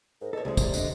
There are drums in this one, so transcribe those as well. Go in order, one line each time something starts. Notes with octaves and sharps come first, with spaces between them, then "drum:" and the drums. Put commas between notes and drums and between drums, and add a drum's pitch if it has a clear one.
G#2 A#4
E2 A4 C#5 D#5
C2 C3 G#3 D5
drum: kick, tambourine
D3 D#5, drum: tambourine